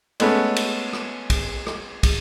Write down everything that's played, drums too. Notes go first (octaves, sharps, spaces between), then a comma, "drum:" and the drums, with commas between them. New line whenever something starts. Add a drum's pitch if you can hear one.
G#3 A3 B3 C#4, drum: cymbal
drum: cymbal
drum: rim click
drum: kick, cymbal
drum: rim click
drum: kick, cymbal